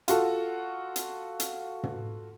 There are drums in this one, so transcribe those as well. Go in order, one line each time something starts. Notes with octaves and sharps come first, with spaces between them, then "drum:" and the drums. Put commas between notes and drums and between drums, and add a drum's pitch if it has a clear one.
F4 F#4 A4, drum: hi-hat
drum: hi-hat
drum: hi-hat
drum: tom